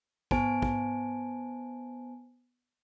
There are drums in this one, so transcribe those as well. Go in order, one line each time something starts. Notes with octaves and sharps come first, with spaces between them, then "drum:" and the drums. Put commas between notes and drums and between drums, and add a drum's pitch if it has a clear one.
B3 C5 G#5 A5 D7, drum: kick
drum: kick